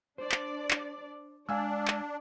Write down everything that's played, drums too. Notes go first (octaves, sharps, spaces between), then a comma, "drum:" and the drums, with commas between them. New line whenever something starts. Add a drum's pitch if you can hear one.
D4 C5 D5
drum: clap
drum: clap
G#3 D4 D5 F5 G#5 E6
drum: clap